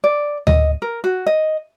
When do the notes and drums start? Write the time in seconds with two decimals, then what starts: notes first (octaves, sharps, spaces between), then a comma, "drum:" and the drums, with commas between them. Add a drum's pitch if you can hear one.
0.04 D5
0.47 D#5, drum: tom D2
0.82 A#4
1.04 F#4
1.26 D#5